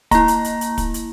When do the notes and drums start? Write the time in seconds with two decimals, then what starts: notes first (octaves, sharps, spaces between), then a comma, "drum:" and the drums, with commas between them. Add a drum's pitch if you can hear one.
0.11 A#3 E4 A#5, drum: kick, hi-hat
0.28 drum: hi-hat
0.44 drum: hi-hat
0.61 drum: hi-hat
0.78 drum: kick, hi-hat
0.94 drum: hi-hat